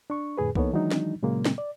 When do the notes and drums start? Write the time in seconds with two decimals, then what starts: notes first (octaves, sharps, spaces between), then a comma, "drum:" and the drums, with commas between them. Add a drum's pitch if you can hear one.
0.10 D4 C#6
0.38 F2 A2 D3 G#4 B4
0.55 E3 A#3 B3 D#4 A4 C#5, drum: kick
0.72 D#3 E3 F#3 G#3 D4 D#4
0.91 drum: snare
1.23 A#2 C#3 F#3 G#3 A#3
1.45 drum: snare
1.58 D5